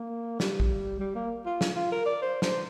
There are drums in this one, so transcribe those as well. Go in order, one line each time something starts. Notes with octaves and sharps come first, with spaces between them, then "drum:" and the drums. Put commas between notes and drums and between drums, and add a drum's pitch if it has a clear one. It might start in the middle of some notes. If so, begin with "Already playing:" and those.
Already playing: A#3
G3, drum: snare
drum: kick
G3
A#3
F4
drum: snare
F4
A#4
D5
C5
C5, drum: snare